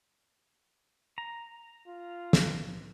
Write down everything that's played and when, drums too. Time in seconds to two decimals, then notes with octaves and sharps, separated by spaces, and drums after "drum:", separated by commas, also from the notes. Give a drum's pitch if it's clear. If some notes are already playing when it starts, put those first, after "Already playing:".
1.18 A#5
1.87 F4
2.33 drum: snare